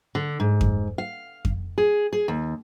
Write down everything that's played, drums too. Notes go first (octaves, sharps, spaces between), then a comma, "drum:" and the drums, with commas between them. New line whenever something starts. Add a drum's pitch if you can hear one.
D3
G#2
drum: kick F2
F5
drum: kick F2
G#4
G#4
D#2